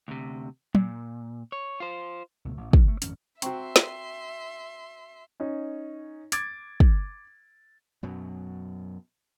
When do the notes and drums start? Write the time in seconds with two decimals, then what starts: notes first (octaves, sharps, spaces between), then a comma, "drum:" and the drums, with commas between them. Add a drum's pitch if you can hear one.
0.08 D2 C3
0.75 A#2, drum: tom
1.52 C#5
1.80 F4 C5
2.45 C#2 B2 A3
2.57 A1
2.73 C#2 G2 B2, drum: kick
2.88 A3
3.02 G#1 F2 A2 C#4, drum: hi-hat
3.42 C4 F#4 E5 G5 A#5 C6 C#6, drum: hi-hat
3.76 drum: snare
5.40 C#4 D#4
6.32 D6 G#6 A6 D7, drum: hi-hat
6.80 drum: kick
8.03 F#2 B2 F#3